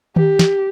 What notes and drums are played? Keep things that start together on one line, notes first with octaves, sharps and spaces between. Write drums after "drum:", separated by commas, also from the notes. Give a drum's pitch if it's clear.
G4, drum: tom D#3
drum: snare